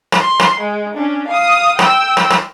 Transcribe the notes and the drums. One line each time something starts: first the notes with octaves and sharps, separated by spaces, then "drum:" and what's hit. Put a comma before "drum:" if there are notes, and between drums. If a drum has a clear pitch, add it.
drum: rim click
C6
drum: rim click
G#3
C#4 D4
F5 D#6
G5 E6, drum: rim click
drum: rim click
drum: rim click